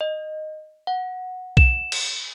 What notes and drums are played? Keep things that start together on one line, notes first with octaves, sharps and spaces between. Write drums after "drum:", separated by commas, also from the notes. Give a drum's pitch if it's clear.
D#5
F#5
E7, drum: kick B1
drum: cymbal